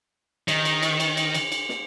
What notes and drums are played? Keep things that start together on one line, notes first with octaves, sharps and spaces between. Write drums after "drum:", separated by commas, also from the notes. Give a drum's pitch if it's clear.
D#3, drum: cymbal
drum: cymbal
drum: cymbal
drum: cymbal
drum: cymbal
drum: cymbal
drum: cymbal
drum: snare